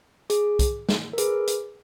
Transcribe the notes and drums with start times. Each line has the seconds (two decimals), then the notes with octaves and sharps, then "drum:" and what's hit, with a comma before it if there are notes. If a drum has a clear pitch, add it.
0.30 G#4, drum: hi-hat
0.59 drum: kick, hi-hat
0.89 drum: snare
1.13 A#4
1.18 G#4 B4, drum: hi-hat
1.47 drum: hi-hat